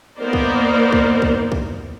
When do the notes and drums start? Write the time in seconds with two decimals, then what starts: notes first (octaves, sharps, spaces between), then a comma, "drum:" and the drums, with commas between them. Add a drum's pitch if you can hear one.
0.18 A#3 B3 D#4 A#4 C5 D5
0.33 drum: kick
0.92 drum: kick
1.22 drum: kick
1.52 drum: kick